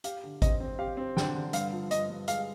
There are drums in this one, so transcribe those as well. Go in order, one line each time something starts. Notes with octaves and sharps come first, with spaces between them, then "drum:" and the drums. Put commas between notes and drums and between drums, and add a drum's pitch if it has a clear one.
G4 F5, drum: hi-hat
D3
C4 D#5, drum: kick G#1, hi-hat
C4
G4 F5
C4
D3 G5, drum: snare
D3
G2 F5, drum: hi-hat
F3
G2 D#5, drum: hi-hat
G2
G#3 F5, drum: hi-hat